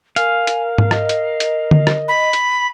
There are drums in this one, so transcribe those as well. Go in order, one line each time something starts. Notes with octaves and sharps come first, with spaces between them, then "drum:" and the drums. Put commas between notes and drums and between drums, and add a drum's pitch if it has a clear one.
A#4 F5 G#5, drum: hi-hat
drum: hi-hat
drum: tom G#2
D#5, drum: rim click
drum: hi-hat
drum: hi-hat
drum: tom D3
drum: rim click
B5
drum: hi-hat